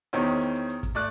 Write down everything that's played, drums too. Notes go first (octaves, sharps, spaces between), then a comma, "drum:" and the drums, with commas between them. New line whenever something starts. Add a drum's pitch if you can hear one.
E2 D#3 C4 C#4
drum: hi-hat
drum: hi-hat
drum: hi-hat
drum: hi-hat
drum: kick G#1, hi-hat
A3 D5 F#6, drum: hi-hat